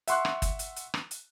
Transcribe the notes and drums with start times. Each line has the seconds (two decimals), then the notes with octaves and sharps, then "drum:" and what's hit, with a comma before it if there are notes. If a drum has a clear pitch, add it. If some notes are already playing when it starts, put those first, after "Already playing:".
0.08 E5 F#5 C6 C#6 F#6, drum: hi-hat
0.25 drum: rim click
0.42 drum: kick G1, hi-hat
0.59 drum: hi-hat
0.76 drum: hi-hat
0.94 drum: rim click
1.11 drum: hi-hat